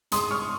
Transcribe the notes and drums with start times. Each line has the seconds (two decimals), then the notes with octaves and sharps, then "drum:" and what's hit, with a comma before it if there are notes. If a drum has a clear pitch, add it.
0.12 G#2 C6 D#6, drum: hi-hat
0.31 C#6 F6